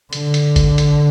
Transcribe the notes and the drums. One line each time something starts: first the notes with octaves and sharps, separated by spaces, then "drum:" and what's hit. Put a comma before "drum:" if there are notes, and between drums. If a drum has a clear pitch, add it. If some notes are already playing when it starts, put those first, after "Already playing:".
D3, drum: hi-hat
drum: hi-hat
drum: kick G1, hi-hat
drum: hi-hat